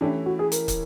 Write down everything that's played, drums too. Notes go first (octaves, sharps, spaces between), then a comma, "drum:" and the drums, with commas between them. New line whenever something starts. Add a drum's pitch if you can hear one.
E3 A3 C#4 D4 E4 G4
F#4
G#4
A#4, drum: hi-hat
drum: kick, hi-hat